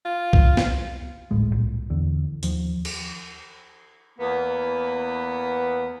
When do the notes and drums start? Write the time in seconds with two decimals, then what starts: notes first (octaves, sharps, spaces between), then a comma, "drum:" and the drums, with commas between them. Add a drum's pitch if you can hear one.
0.05 F4
0.33 drum: kick C2
0.57 drum: snare
1.31 D1 G#1 A2 G#3
1.53 C2 A#2
1.90 E2 D3
2.43 D#2 F3, drum: hi-hat
2.85 drum: cymbal
4.19 E2 A#3 B3